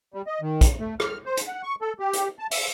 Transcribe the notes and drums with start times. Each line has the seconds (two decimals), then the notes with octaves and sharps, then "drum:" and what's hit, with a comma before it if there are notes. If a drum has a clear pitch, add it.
0.14 G3
0.27 D#5
0.41 D#3
0.61 drum: kick, hi-hat
0.80 A3
1.00 F6, drum: rim click
1.26 C5
1.37 drum: hi-hat
1.48 F#5
1.63 C#6
1.81 A4
1.99 G4
2.13 drum: hi-hat
2.39 A5
2.51 E5, drum: open hi-hat